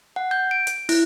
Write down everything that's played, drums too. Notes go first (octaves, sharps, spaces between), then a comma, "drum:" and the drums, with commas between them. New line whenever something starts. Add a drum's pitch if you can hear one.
F#5
G6
D7
drum: hi-hat
E4, drum: open hi-hat